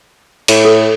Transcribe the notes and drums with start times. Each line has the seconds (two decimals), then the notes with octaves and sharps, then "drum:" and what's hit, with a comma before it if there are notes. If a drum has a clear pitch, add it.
0.48 A2, drum: cymbal
0.65 A4